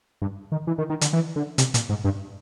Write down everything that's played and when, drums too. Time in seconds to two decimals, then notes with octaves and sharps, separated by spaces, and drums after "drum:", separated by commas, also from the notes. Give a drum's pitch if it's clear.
0.22 G2
0.52 D#3
0.67 E3
0.78 D#3
0.90 D#3
1.01 D3, drum: hi-hat
1.13 E3
1.36 D3
1.58 C3, drum: hi-hat
1.74 A#2, drum: hi-hat
1.89 G#2
2.04 G2